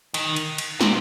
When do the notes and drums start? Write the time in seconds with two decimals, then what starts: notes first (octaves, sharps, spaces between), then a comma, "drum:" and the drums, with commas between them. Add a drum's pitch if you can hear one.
0.14 D#3, drum: cymbal
0.36 drum: cymbal
0.58 drum: cymbal
0.81 C3, drum: snare